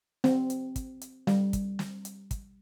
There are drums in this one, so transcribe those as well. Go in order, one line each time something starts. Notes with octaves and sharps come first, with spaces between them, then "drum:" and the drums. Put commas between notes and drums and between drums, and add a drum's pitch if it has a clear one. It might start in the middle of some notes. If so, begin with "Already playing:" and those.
C4, drum: snare
drum: hi-hat
drum: kick, hi-hat
drum: hi-hat
G3, drum: snare
drum: kick, hi-hat
drum: snare
drum: hi-hat
drum: kick, hi-hat